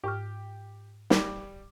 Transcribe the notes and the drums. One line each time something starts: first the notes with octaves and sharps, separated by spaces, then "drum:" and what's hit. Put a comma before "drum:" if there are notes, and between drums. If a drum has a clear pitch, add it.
G#2 G4 C#6 F6
G3, drum: snare